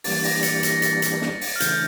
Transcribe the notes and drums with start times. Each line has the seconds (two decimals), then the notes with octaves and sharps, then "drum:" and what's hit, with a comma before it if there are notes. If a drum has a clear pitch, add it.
0.04 E3 G3 A#3 D4 G4 A6, drum: open hi-hat
0.24 A#6, drum: open hi-hat
0.43 A6 C#7, drum: hi-hat
0.63 A#6, drum: hi-hat
0.75 A#6
0.82 A6, drum: hi-hat
1.02 drum: hi-hat
1.22 drum: snare
1.41 drum: open hi-hat
1.56 F6
1.60 C#3 E3 A3 D4 G6, drum: hi-hat